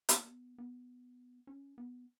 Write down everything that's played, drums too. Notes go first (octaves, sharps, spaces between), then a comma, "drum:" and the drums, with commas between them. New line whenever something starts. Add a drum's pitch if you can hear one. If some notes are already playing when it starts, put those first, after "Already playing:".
A#3, drum: hi-hat
B3
B3
C#4
B3